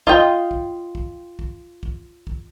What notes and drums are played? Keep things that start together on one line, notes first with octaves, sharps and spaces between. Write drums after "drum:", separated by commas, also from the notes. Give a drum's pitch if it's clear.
F4 D#5 G5, drum: kick
drum: kick
drum: kick
drum: kick
drum: kick
drum: kick